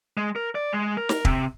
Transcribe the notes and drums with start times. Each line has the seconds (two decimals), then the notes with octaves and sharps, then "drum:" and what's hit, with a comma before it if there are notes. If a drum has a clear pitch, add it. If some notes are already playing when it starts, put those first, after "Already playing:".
0.17 G#3
0.36 A#4
0.55 D5
0.73 G#3
0.97 A#4
1.09 drum: snare
1.25 C3, drum: kick